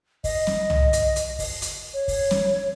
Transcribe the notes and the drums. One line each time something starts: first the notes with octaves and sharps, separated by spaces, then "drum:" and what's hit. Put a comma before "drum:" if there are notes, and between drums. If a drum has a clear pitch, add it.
D#5, drum: kick, open hi-hat
drum: snare
drum: tom
drum: hi-hat
drum: hi-hat
drum: kick, open hi-hat
drum: hi-hat
C#5
drum: kick, open hi-hat
drum: snare